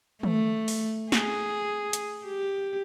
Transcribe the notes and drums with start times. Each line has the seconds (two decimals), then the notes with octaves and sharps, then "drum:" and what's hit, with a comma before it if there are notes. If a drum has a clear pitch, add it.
0.23 A3, drum: tom D#3
0.68 drum: open hi-hat
1.12 G#4, drum: snare
1.93 drum: hi-hat
2.25 G4